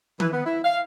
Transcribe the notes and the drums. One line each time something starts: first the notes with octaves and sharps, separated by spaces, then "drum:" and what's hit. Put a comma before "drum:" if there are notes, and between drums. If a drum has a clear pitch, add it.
E3, drum: tom D#3
B3
E4
F5